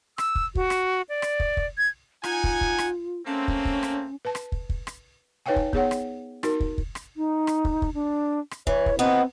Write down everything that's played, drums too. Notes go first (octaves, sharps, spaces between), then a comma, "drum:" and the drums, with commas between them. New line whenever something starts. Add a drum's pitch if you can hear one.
E6, drum: rim click
drum: kick
F#4, drum: kick
drum: rim click
D5
drum: rim click
drum: kick
drum: kick
G#6
D#4 F4 F#5 G#5, drum: rim click
drum: kick
drum: kick
drum: rim click
A3 A#3 C4 C#4
drum: kick
drum: kick
drum: rim click
B4 A5
drum: rim click
drum: kick
drum: kick
drum: rim click
D#4 B4 C#5 F5 G5 G#5
drum: kick
B3 G#4 C#5 F#5, drum: kick
drum: rim click
D#4 F#4 A#4, drum: rim click
drum: kick
drum: kick
drum: rim click
D#4
drum: rim click
drum: kick
drum: kick
D4
drum: rim click
E3 C#5, drum: kick
drum: kick
B3 C4 D#4